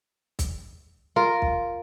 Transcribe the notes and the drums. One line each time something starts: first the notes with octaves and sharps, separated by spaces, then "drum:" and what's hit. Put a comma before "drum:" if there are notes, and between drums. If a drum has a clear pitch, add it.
drum: kick, hi-hat
F4 A#4
drum: kick